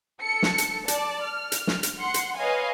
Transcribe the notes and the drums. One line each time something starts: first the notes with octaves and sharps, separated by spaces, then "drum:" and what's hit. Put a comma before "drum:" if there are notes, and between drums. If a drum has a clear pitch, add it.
A4 C#7
drum: snare
drum: hi-hat
D5 A5, drum: hi-hat
F6
drum: hi-hat
drum: snare
drum: hi-hat
F#5 C6 C#7
drum: hi-hat
B4 C#5 D#5 F5 G#5